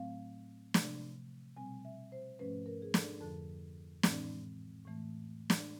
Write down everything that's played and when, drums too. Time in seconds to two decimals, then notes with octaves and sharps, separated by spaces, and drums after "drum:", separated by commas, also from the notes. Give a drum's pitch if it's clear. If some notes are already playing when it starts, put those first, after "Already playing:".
Already playing: A2 F#3 A3 C4 F5
0.74 C3 F3 A3, drum: snare
1.57 B2 G3 C4 G#5
1.85 E5
2.12 C5
2.39 G#2 F3 A3 C#4 B4
2.66 A#4
2.82 G#4
2.94 A4, drum: snare
3.21 F2 D3 F3 A4
4.03 A2 E3 G#3 C4, drum: snare
4.86 A2 E3 A3
5.50 drum: snare